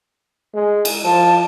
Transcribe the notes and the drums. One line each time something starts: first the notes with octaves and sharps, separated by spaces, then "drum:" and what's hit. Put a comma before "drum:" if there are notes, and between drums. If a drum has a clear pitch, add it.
G#3
drum: cymbal
F3 A5